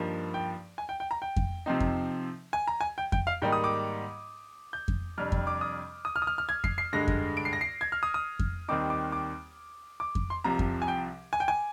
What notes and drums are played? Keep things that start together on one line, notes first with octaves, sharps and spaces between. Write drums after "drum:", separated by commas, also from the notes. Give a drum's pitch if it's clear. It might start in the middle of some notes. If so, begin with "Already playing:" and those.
Already playing: G2 F3 A#3 D#4
G5
G#5
G5
G5
A#5
G5
drum: kick F2
C3 F3 C4 D#4
drum: kick F2
G#5
A#5
G#5
G5
G5, drum: kick F2
F5
G#2 D#3 G3 A#3 D#4 G5
D#6
D6
G6
drum: kick F2
F2 C3 G3 D4 F6
drum: kick F2
D6
D#6
D#6
F6
D#6
F6
F6
G#6
C7, drum: kick F2
C7
G2 D3 G#3 A#6
drum: kick F2
D7
C7
A#6
C7
G#6
F6
D#6
D#6
drum: kick F2
D#2 D#3 G3 C4 D#4 D6
D6
D6
D6
drum: kick F2
C6
C2 C3 F3 A#5
drum: kick F2
G#5
G5
G#5
G5
G#5